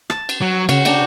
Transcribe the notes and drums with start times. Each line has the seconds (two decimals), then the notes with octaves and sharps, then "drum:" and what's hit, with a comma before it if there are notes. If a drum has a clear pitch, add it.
0.10 A5, drum: rim click
0.29 drum: cymbal
0.42 F#3
0.69 C#3 C#4 F#4, drum: cymbal
0.85 D4 G5 A#5, drum: cymbal